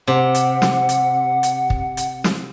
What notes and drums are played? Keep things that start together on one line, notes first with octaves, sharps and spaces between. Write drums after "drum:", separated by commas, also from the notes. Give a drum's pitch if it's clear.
C3 F#5
drum: hi-hat
drum: snare
drum: hi-hat
drum: hi-hat
drum: kick
drum: hi-hat
drum: snare